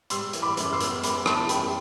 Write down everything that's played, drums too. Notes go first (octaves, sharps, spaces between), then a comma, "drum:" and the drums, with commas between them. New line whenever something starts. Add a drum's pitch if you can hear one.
G3 C6 E6, drum: hi-hat
E3, drum: hi-hat
B5 D6
F#2, drum: hi-hat
C6 E6
B3, drum: hi-hat
G3 B5 D6, drum: hi-hat
E3 A5 C6, drum: rim click
F#2 G5 B5, drum: hi-hat